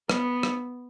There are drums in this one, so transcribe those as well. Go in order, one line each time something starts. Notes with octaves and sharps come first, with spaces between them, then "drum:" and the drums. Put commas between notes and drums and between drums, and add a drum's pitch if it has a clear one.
B3, drum: rim click
drum: rim click